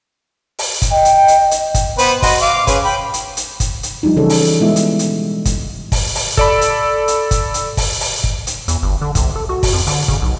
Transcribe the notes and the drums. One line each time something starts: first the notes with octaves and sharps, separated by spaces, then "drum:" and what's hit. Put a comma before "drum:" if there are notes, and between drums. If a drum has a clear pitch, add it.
drum: open hi-hat
drum: kick, hi-hat
D#5 G5
drum: hi-hat
drum: hi-hat
drum: hi-hat
drum: kick, hi-hat
B3 B4 C5, drum: hi-hat
F#4 D#5 C6, drum: kick, open hi-hat
F5 D6
C#4 G#4 B4, drum: kick, hi-hat
G5 B5
drum: hi-hat
drum: hi-hat
drum: kick, hi-hat
drum: hi-hat
F3 G3 D4 D#4
C#3 E3 G3 G#4 A4 C#5
drum: open hi-hat
B2 G3 G#3 B3 E4 E5
drum: hi-hat
drum: hi-hat
drum: kick, hi-hat
drum: kick, open hi-hat
drum: open hi-hat
A4 D5 B5, drum: kick
drum: hi-hat
drum: hi-hat
drum: kick, hi-hat
drum: hi-hat
drum: kick, open hi-hat
drum: open hi-hat
drum: kick
drum: hi-hat
E2, drum: hi-hat
G1
D3
C2, drum: kick, hi-hat
A4
F#4
drum: kick, open hi-hat
F2
D3, drum: open hi-hat
C#3, drum: kick
B1